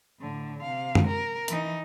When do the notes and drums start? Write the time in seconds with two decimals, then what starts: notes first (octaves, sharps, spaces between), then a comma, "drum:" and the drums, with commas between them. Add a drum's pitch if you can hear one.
0.19 A2 D3
0.62 C3 F5
0.95 drum: tom F#2
1.07 A#4
1.48 E3 D#4, drum: hi-hat